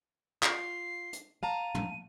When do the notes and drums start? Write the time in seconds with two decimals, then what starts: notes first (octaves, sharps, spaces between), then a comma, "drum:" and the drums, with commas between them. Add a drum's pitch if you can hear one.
0.43 F4 C7, drum: clap
1.13 drum: hi-hat
1.43 F5 A5 A#5 D#7
1.75 drum: tom